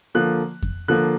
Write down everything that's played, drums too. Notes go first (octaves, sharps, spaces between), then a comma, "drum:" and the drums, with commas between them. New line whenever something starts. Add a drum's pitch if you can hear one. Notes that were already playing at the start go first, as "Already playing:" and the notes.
D3 F3 A#3 F#6
drum: kick F2
D3 F3 A#3 F#6